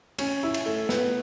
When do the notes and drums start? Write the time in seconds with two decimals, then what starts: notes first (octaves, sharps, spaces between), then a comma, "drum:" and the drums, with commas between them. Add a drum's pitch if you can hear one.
0.18 C#4, drum: cymbal
0.43 E4
0.54 drum: cymbal
0.66 A3
0.89 B3, drum: snare